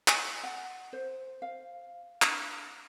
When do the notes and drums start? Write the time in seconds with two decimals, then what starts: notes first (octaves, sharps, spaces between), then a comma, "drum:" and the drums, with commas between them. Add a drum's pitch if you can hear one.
0.08 G#5, drum: clap
0.44 F#5
0.93 C5
1.42 F5
2.22 D4, drum: clap